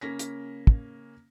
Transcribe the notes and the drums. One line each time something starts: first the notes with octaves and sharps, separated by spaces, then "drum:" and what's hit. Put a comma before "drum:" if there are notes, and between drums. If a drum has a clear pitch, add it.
C#3 A#3 C#4 A#6 B6
drum: hi-hat
drum: kick